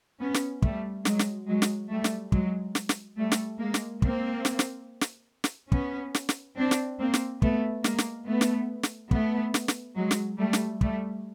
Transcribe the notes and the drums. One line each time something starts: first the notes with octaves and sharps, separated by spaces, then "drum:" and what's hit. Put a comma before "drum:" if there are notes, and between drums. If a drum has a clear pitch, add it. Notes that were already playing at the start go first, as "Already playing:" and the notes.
B3 C#4
drum: snare
G3 A3, drum: kick
F#3 G#3, drum: snare
drum: snare
F#3 G#3
drum: snare
G3 A3
drum: snare
F#3 G#3, drum: kick
drum: snare
drum: snare
G3 A3
drum: snare
G#3 A#3
drum: snare
A#3 C4, drum: kick
drum: snare
drum: snare
drum: snare
drum: snare
B3 C#4, drum: kick
drum: snare
drum: snare
C4 D4
drum: snare
A#3 C4
drum: snare
A3 B3, drum: kick
G#3 A#3, drum: snare
drum: snare
A3 B3
drum: snare
drum: snare
A3 B3, drum: kick
drum: snare
drum: snare
F#3 G#3
drum: snare
G3 A3
drum: snare
G3 A3, drum: kick